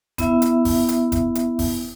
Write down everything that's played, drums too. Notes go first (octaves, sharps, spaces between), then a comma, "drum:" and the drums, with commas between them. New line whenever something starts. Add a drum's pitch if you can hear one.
B3 E4 E5, drum: kick F#1, hi-hat
drum: hi-hat
drum: kick F#1, open hi-hat
drum: hi-hat
drum: kick F#1, hi-hat
drum: hi-hat
drum: kick F#1, open hi-hat